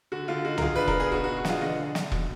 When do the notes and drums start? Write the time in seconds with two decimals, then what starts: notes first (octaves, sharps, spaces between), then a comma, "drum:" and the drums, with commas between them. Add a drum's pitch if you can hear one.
0.12 D3 F#4
0.28 D3 F4
0.45 D#4 F#4
0.58 A#4, drum: tom C2
0.61 D#3 F4 G#4
0.75 D4 B4
0.88 A#4, drum: kick E1
0.95 B3 G#4
1.12 B2 F#4
1.24 F#4
1.28 B2
1.37 F#4
1.45 D4 F4 G#4, drum: snare
1.61 D3 D#5 F#5
1.78 D3
1.95 D4, drum: snare
2.12 B2, drum: kick E1